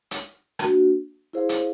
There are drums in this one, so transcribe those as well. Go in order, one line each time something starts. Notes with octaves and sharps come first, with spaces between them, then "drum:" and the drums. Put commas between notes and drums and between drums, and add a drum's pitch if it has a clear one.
drum: hi-hat
A#3 D4 F#4, drum: rim click
E4 G#4 C5 F5
drum: hi-hat